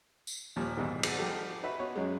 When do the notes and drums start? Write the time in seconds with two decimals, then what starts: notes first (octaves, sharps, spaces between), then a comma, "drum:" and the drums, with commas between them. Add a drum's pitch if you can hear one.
0.27 drum: tambourine
0.56 D#2 A#2 F3 G3
0.76 B1 E2 G#2 D#3 G3
1.03 drum: cymbal
1.18 F3 G3 G4 A4
1.63 D#4 F#4 B4 E5
1.79 B3 F#4 C#5
1.96 F#2 F#3 G#3